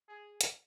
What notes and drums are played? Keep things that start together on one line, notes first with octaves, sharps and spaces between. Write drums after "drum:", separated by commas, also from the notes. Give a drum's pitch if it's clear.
G#4
drum: hi-hat